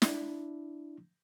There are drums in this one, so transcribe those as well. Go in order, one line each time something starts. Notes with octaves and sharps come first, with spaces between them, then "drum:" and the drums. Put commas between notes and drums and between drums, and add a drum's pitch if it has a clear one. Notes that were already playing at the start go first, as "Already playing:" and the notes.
D4 E4, drum: snare